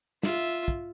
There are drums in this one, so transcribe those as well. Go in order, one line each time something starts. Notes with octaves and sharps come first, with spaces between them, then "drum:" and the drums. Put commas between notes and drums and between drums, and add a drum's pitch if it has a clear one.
F4 E5, drum: snare
drum: kick